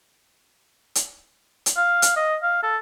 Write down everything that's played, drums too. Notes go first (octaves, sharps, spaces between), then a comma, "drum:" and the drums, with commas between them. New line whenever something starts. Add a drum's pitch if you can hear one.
drum: hi-hat
drum: hi-hat
F5
drum: hi-hat
D#5
F5
A4